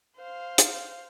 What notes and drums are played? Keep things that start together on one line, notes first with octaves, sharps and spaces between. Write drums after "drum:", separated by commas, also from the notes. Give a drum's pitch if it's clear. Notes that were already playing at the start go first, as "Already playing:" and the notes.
C5 F5
drum: hi-hat